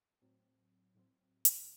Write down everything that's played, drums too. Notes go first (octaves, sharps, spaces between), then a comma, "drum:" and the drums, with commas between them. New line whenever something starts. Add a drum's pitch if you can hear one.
A2 F#3 C4
A2 F#3 C4
drum: hi-hat